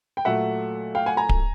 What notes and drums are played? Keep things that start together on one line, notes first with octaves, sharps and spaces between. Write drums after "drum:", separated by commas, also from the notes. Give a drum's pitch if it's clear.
G5
A#2 F#3 A3 E5 F#5
F5 G5
F#5 G#5
G#5 A#5
drum: kick D1